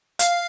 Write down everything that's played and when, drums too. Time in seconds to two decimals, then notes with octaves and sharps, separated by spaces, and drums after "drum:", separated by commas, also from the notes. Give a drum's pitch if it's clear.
0.19 F5, drum: hi-hat